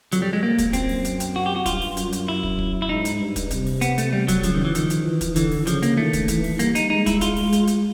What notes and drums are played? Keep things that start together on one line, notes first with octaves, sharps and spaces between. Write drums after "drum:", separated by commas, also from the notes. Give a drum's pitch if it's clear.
F2 F#3, drum: hi-hat
G3
G#3
F2 A#3
drum: kick, hi-hat
F#2 C4, drum: kick, hi-hat
drum: open hi-hat
drum: hi-hat
drum: hi-hat
F#4
G4
F#4
G2 F4, drum: kick, hi-hat
drum: open hi-hat
F#2, drum: hi-hat
drum: hi-hat
E4
drum: kick
drum: kick
E4
G#2 D#4
drum: hi-hat
G2
drum: kick, hi-hat
C3, drum: kick, hi-hat
drum: open hi-hat
B3, drum: hi-hat
A3, drum: hi-hat
G3
F#3, drum: kick, hi-hat
C#3 F3, drum: kick, hi-hat
D#3
E3
D#3 F3, drum: hi-hat
drum: hi-hat
E3
drum: kick, hi-hat
D3 E3, drum: kick, hi-hat
drum: open hi-hat
C#3 F3, drum: hi-hat
A#3, drum: hi-hat
D#3 A3
drum: kick, hi-hat
E3, drum: kick, hi-hat
drum: open hi-hat
G3 A#3, drum: hi-hat
D#4, drum: hi-hat
G#3 D#4
E4, drum: kick, hi-hat
G#3 F4, drum: kick, hi-hat
drum: open hi-hat
G#3, drum: hi-hat
drum: hi-hat